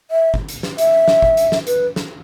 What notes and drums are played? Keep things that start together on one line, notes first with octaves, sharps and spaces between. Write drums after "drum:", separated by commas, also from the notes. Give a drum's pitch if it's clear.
E5
drum: kick
drum: hi-hat
drum: snare
E5, drum: hi-hat
drum: snare
drum: kick
drum: hi-hat
drum: snare
B4, drum: hi-hat
drum: snare